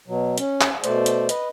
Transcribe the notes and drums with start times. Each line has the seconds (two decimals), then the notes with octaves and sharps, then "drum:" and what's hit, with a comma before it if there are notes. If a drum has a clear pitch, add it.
0.08 B2 F#3
0.38 C#4, drum: hi-hat
0.61 drum: clap
0.84 B2 A3 C5 D5, drum: hi-hat
1.06 drum: hi-hat
1.29 B4 D#5, drum: hi-hat